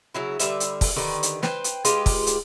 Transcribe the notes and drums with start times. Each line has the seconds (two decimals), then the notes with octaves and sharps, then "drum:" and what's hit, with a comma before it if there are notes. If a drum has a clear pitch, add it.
0.14 C#3 F#3 E4
0.39 D3 G3 B4 E5, drum: hi-hat
0.60 drum: hi-hat
0.81 drum: kick, open hi-hat
0.96 D3 D#3 G4 B4
1.23 drum: hi-hat
1.43 B4 C5 G5, drum: snare
1.64 drum: hi-hat
1.85 G#3 F4 G4 B4, drum: hi-hat
2.06 drum: kick, open hi-hat
2.27 drum: hi-hat